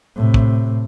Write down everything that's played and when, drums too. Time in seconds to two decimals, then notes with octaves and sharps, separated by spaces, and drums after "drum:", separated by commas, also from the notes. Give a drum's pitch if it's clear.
0.16 A2 C3
0.34 drum: kick